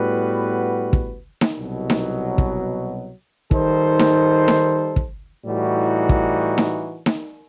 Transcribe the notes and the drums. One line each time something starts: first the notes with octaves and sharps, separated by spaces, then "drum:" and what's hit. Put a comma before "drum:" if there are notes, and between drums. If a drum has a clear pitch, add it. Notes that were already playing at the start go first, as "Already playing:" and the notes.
Already playing: A2 G3 B3 F#4 B4
drum: kick
drum: snare D#4
C2 B2 F#3
drum: snare D#4
drum: kick
D#3 G3 D#4 A4 C5, drum: kick
drum: snare D#4
drum: snare D#4
drum: kick
A2 E3 G3 D#4 F#4
drum: kick
drum: snare D#4
drum: snare D#4